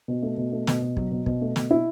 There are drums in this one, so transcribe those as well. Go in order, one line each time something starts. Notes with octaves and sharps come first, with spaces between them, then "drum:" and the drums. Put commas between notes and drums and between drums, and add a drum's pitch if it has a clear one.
B2
A3
B2
A3
B2, drum: snare
B2
F#3, drum: kick
B2
B2, drum: kick
A3
B2, drum: snare
E4